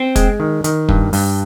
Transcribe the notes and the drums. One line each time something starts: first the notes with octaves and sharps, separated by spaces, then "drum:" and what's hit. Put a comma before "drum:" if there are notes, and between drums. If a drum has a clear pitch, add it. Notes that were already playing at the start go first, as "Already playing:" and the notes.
Already playing: C4
G#3, drum: kick, hi-hat
D#3
D#3, drum: hi-hat
G2, drum: kick
G2, drum: open hi-hat